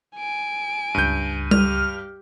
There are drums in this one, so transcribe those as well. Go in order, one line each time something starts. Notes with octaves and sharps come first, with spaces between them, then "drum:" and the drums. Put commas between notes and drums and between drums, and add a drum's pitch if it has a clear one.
G#5 D7
C#2 G2 G6 D#7
G4 F6, drum: tom G3